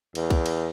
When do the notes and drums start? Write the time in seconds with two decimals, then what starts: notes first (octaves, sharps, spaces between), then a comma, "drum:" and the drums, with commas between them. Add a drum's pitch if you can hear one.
0.15 E2, drum: cymbal
0.30 drum: kick B1, cymbal
0.46 drum: cymbal